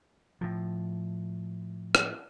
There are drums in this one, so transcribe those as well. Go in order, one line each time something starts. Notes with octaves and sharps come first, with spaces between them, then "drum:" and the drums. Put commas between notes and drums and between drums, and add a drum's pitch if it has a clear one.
A2 F3
drum: rim click